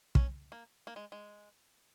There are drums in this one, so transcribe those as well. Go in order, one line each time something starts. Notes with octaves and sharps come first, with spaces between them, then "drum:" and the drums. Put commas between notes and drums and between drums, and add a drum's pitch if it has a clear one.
C#4, drum: kick
A#3
A#3
G#3
G#3